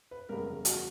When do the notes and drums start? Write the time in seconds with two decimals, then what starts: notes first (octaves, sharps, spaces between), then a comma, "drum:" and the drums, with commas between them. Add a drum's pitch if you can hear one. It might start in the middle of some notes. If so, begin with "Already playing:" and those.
0.11 B4
0.29 F#1 E2 C#3 G3 A#4
0.47 A#4
0.65 F#4, drum: hi-hat